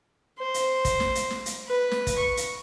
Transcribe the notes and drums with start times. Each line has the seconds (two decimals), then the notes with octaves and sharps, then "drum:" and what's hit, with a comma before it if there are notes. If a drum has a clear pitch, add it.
0.39 C5
0.54 drum: hi-hat
0.85 drum: kick, hi-hat
1.00 drum: snare
1.15 drum: hi-hat
1.30 drum: snare
1.46 drum: hi-hat
1.67 B4
1.91 drum: snare
2.07 drum: kick, hi-hat
2.18 C#6
2.37 drum: hi-hat